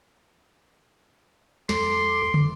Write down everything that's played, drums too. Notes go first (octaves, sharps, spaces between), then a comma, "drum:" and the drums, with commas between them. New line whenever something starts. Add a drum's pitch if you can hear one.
F2 A4 C6 D6, drum: snare
drum: tom